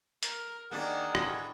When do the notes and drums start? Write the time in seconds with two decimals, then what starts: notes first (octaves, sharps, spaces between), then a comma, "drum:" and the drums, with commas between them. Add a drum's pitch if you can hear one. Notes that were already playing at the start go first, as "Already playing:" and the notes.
0.23 A#4, drum: hi-hat
0.71 D#3 A#3 D4 G#4 F#5
1.15 A2, drum: rim click